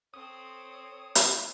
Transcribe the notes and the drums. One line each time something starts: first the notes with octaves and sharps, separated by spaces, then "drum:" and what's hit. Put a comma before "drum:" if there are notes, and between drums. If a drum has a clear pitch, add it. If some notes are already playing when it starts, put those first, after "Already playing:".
C4 A4 C#5 D#6
drum: hi-hat